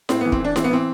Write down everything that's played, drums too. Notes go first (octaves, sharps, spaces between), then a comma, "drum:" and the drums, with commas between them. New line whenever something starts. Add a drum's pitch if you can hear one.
A2 C4, drum: snare E4
B3
E3
C4, drum: kick
E3 D4
E3 C4, drum: snare E4
B3
E3 C4